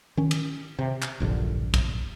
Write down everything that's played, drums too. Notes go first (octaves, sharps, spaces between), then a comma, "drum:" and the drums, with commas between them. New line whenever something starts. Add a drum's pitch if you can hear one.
D#3 C#4
drum: cymbal
C3
drum: clap
D1 A#1 G2 D3
drum: kick, cymbal